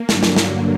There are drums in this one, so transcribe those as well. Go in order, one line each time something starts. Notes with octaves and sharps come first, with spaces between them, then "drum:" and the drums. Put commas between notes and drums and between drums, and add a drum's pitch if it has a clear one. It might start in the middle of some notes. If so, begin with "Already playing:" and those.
Already playing: A#3
G2 D3 F#3, drum: snare
drum: snare
drum: snare